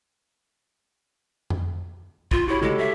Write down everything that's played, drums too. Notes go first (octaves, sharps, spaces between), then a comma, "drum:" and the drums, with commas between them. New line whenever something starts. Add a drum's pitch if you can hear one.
drum: tom F2
F4, drum: kick
E4 F#4 G4 C#5
G#3 G4 A4, drum: tom C#3
E5